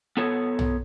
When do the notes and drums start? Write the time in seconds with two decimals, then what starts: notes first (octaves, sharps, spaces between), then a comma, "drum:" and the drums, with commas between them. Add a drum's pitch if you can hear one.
0.17 B3 A4 C#5
0.59 drum: tom